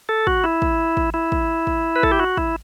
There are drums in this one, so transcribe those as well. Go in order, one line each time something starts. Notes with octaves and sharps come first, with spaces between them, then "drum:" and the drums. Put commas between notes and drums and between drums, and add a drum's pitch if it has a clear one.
A4
F#4, drum: kick
E4
drum: kick
drum: kick
E4
drum: kick
drum: kick
B4
A4, drum: kick
G4
F#4
E4, drum: kick